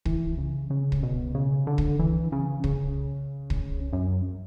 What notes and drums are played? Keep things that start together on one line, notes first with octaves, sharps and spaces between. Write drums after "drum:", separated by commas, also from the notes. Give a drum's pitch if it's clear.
E3, drum: kick
C#3
C#3
drum: kick
B2
C#3
D3
drum: kick
E3
C#3
C#3, drum: kick
drum: kick
F#2